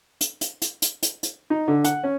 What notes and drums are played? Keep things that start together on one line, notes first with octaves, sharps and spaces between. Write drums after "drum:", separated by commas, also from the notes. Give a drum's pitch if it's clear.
drum: hi-hat
drum: hi-hat
drum: hi-hat
drum: hi-hat
drum: hi-hat
drum: hi-hat
D#4
D3
F#5, drum: hi-hat
C#4